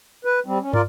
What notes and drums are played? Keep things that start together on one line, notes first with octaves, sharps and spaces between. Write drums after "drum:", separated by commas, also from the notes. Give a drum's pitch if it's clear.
B4
G3 C4
C#4
F4 A#4 D5, drum: tom